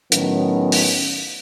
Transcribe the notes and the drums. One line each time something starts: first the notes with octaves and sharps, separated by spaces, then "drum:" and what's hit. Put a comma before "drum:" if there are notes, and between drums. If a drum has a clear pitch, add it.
A2 D#3 F#3 B3 C#4, drum: hi-hat
drum: open hi-hat